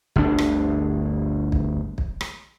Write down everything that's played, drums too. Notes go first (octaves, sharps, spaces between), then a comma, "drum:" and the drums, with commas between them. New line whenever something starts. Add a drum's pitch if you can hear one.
G1 D2 D4, drum: kick
drum: rim click
drum: kick
drum: kick
drum: rim click